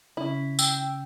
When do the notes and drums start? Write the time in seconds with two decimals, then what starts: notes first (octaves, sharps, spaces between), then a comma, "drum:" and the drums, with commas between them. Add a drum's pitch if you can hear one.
0.17 C#3 C#4 E4
0.59 G5 E6, drum: tambourine